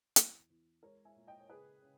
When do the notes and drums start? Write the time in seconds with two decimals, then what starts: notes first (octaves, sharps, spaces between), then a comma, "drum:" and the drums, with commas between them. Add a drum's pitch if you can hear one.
0.16 E2, drum: hi-hat
0.50 E2
0.83 G#3 A#4 C#5
1.05 E5 G#5
1.17 A#2
1.27 D#5 G5
1.40 C#5
1.49 C#3 G#4 B4
1.83 C#3